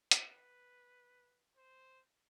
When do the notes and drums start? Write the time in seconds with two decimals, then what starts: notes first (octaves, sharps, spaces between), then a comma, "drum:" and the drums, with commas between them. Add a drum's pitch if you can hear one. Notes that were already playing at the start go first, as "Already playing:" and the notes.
0.11 B4, drum: hi-hat
1.57 C5